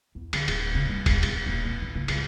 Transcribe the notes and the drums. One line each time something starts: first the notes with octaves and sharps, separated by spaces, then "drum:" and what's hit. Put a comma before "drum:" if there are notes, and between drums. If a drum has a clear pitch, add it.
E2
D3, drum: cymbal
D1, drum: cymbal
C#3
G3
E1, drum: kick, cymbal
B2, drum: cymbal
D#1
A#2
D#3
C#3
C#2, drum: cymbal